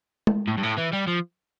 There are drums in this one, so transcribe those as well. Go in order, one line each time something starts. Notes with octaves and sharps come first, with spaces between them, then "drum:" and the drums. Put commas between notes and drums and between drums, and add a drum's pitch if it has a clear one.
drum: tom G#3
A2
G2
A2
E3
G3
F3